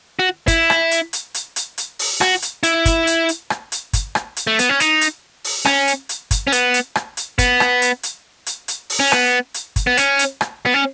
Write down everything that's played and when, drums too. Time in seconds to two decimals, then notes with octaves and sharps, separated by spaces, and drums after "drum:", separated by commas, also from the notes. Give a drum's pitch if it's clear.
0.19 F#4
0.48 E4, drum: kick, hi-hat
0.70 drum: rim click
0.91 drum: hi-hat
1.13 drum: hi-hat
1.34 drum: hi-hat
1.56 drum: hi-hat
1.78 drum: hi-hat
1.99 drum: open hi-hat
2.21 F#4, drum: rim click
2.42 drum: hi-hat
2.63 E4, drum: hi-hat
2.86 drum: kick, hi-hat
3.07 drum: hi-hat
3.29 drum: hi-hat
3.50 drum: rim click
3.72 drum: hi-hat
3.93 drum: kick, hi-hat
4.15 drum: rim click
4.37 drum: hi-hat
4.47 A3
4.59 B3, drum: hi-hat
4.69 C#4
4.80 D#4, drum: hi-hat
5.01 drum: hi-hat
5.44 drum: open hi-hat
5.65 C#4, drum: rim click
5.88 drum: hi-hat
6.09 drum: hi-hat
6.31 drum: kick, hi-hat
6.47 C#4
6.52 B3, drum: hi-hat
6.74 drum: hi-hat
6.95 drum: rim click
7.17 drum: hi-hat
7.39 B3, drum: kick, hi-hat
7.60 drum: rim click
7.82 drum: hi-hat
8.03 drum: hi-hat
8.46 drum: hi-hat
8.68 drum: hi-hat
8.90 drum: open hi-hat
9.00 C#4
9.12 B3, drum: rim click
9.54 drum: hi-hat
9.76 drum: kick, hi-hat
9.87 B3
9.97 C#4, drum: hi-hat
10.19 drum: hi-hat
10.41 drum: rim click
10.66 B3
10.74 C#4